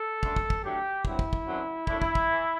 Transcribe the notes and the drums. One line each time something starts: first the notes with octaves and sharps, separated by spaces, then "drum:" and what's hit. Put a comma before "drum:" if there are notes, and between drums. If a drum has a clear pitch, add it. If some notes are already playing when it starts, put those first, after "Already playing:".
Already playing: A4
F#2 D3 A3 D4, drum: kick
drum: kick
drum: kick
A2 F#3 A3 D4 G4
G2 F#3 C4 E4, drum: kick
drum: kick
drum: kick
F#2 D3 F#3 C4
F#2 D3 A3 D4 E4, drum: kick
drum: kick
drum: kick
E3